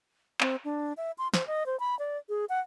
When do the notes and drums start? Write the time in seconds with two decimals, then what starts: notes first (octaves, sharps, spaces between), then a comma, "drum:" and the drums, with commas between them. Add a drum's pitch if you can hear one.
0.41 C4, drum: clap
0.65 D4
0.97 E5
1.18 C6
1.34 C5, drum: snare
1.47 D#5
1.66 C5
1.80 B5
1.99 D5
2.29 G#4
2.49 F#5